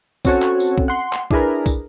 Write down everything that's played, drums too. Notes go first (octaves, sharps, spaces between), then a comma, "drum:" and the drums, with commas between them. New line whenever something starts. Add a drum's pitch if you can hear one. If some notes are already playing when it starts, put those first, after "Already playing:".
C4 C#4 F#4 A4 C#5, drum: kick, tambourine
drum: clap
drum: tambourine
drum: kick
F#5 C6
drum: clap
D4 E4 G#4 A#4 B4, drum: kick
drum: kick, tambourine